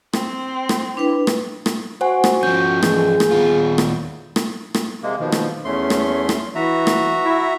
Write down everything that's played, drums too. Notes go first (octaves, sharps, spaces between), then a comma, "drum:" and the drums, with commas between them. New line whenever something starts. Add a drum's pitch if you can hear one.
C4, drum: rim click
drum: rim click
D4 E4 B4 G5
drum: rim click
drum: rim click
F#4 C5 F#5 G#5
drum: rim click
F3 C#4 G6
E3 G#4, drum: rim click
drum: rim click
D#2 B3 F4
drum: rim click
drum: rim click
drum: rim click
C3 G#3 A#3
B2 D#3 F3
drum: rim click
E2 A3 C#4 C6
drum: rim click
drum: rim click
E3 F#4 E5 A#5
drum: rim click
E4